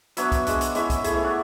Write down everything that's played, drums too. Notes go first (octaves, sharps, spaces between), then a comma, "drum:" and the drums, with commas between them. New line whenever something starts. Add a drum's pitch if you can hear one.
F#3 B3 D4 C#5 E5, drum: hi-hat
drum: kick B1, hi-hat
G#3 D4, drum: hi-hat
drum: hi-hat
G#3 C#4 E4 C#5 E5, drum: hi-hat
drum: kick B1, hi-hat
A3 E4 G#4, drum: hi-hat
C#5 E5
D5 F#5